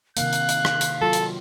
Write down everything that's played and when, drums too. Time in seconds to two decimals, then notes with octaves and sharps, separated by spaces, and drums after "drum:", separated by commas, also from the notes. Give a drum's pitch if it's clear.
0.17 C3 D#3 A#3 F5 F#6, drum: hi-hat
0.33 drum: hi-hat
0.49 drum: hi-hat
0.65 drum: rim click
0.81 drum: hi-hat
1.01 F#3 F4 A4
1.13 drum: hi-hat